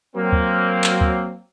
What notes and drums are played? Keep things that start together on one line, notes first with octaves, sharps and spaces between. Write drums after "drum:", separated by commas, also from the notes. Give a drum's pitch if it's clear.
F#3 A#3 C4
drum: kick
drum: clap
drum: kick